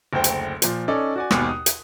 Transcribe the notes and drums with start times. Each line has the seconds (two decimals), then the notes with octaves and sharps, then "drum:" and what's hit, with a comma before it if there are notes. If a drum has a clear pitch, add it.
0.13 F#1 D2 C5 G5
0.24 drum: hi-hat
0.62 A#2 F3, drum: hi-hat
0.88 C#4 D#4 A4 D5
1.16 F#4 D5 G#5
1.31 G#1 D#2 B2 G#5 D6 F#6, drum: rim click
1.49 D#6
1.66 drum: hi-hat